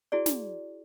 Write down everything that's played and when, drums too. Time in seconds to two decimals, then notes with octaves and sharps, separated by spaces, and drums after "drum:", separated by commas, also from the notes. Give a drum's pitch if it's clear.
0.12 E4 F#4 G#4 D5
0.26 drum: snare